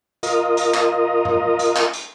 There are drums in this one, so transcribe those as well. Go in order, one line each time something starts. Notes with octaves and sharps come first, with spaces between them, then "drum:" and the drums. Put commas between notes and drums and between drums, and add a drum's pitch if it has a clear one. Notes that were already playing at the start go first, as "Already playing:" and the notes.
F4 A#4 D#5, drum: hi-hat
drum: hi-hat
drum: clap
drum: tom G2
drum: hi-hat
drum: clap
drum: hi-hat